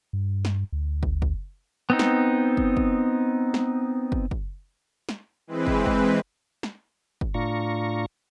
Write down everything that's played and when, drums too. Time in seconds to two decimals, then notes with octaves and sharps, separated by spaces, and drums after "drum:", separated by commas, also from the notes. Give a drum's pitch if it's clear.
0.13 G2
0.45 drum: snare
0.73 D2
1.03 drum: kick
1.22 drum: kick
1.90 B3 C4 D#4
1.99 drum: snare
2.57 drum: kick
2.77 drum: kick
3.54 drum: snare
4.12 drum: kick
4.31 drum: kick
5.09 drum: snare
5.47 E3 G#3 C4 B4
5.67 drum: kick
5.86 drum: kick
6.63 drum: snare
7.21 drum: kick
7.34 A2 D4 F4 A#5 C#6